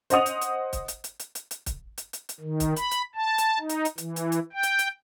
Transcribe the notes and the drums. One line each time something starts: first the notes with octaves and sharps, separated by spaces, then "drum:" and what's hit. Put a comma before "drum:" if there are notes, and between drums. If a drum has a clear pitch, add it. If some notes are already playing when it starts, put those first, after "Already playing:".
C5 D#5 F#5 D#6 F7, drum: hi-hat
drum: hi-hat
drum: hi-hat
drum: kick, hi-hat
drum: hi-hat
drum: hi-hat
drum: hi-hat
drum: hi-hat
drum: hi-hat
drum: kick, hi-hat
drum: hi-hat
drum: hi-hat
drum: hi-hat
D#3
drum: kick, hi-hat
B5, drum: hi-hat
drum: hi-hat
A5
drum: hi-hat
D#4
drum: hi-hat
drum: hi-hat
E3, drum: hi-hat
drum: hi-hat
drum: hi-hat
G5
drum: hi-hat
drum: hi-hat